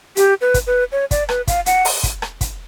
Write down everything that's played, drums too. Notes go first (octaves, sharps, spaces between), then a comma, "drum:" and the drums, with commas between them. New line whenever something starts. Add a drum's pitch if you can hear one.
G4, drum: hi-hat
B4
drum: kick, hi-hat
B4
C#5
D5, drum: kick, hi-hat
B4, drum: rim click
F5, drum: kick, hi-hat
F#5, drum: hi-hat
drum: open hi-hat
drum: kick, hi-hat
drum: rim click
drum: kick, hi-hat